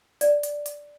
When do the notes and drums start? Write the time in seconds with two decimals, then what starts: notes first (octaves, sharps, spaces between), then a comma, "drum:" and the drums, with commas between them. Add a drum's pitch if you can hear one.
0.21 D5, drum: hi-hat
0.43 drum: hi-hat
0.66 drum: hi-hat